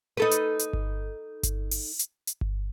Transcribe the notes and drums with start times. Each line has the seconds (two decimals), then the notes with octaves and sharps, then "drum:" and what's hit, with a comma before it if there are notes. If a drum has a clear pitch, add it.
0.17 D#4 A4 B4
0.31 drum: hi-hat
0.59 drum: hi-hat
0.73 drum: kick G1
1.43 drum: kick G1, hi-hat
1.71 drum: open hi-hat
1.99 drum: hi-hat
2.27 drum: hi-hat
2.41 drum: kick G1